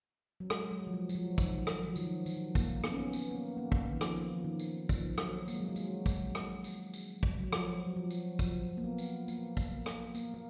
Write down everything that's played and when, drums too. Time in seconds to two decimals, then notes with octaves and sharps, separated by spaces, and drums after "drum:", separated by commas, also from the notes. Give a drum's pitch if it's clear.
0.40 F#3
0.50 G#3, drum: rim click
0.71 F#3
0.87 F3
0.94 F#3
1.09 F#3, drum: tambourine
1.15 F3
1.38 D#3, drum: kick, tambourine
1.67 drum: rim click
1.82 F#3
1.88 F3
1.96 D#3, drum: tambourine
2.03 F3
2.26 D#3, drum: tambourine
2.55 A#3, drum: kick, tambourine
2.84 B3, drum: rim click
2.92 C#4
3.00 B3
3.13 B3, drum: tambourine
3.31 A#3
3.35 B3
3.57 A#3
3.72 drum: kick
3.93 D#3
4.01 F3, drum: rim click
4.34 F3
4.44 D#3
4.59 drum: tambourine
4.89 F3, drum: kick, tambourine
5.18 F#3, drum: rim click
5.48 A#3, drum: tambourine
5.55 G#3
5.61 F#3
5.69 G#3
5.76 F#3, drum: tambourine
6.06 drum: kick, tambourine
6.35 drum: rim click
6.64 drum: tambourine
6.94 drum: tambourine
7.23 drum: kick
7.40 F#3
7.53 F3, drum: rim click
7.87 F#3
7.96 F3
8.11 drum: tambourine
8.39 F3, drum: kick, tambourine
8.77 A#3
8.84 B3
8.98 drum: tambourine
9.28 A#3, drum: tambourine
9.57 drum: kick, tambourine
9.72 A#3
9.86 drum: rim click
10.15 A#3, drum: tambourine
10.34 A#3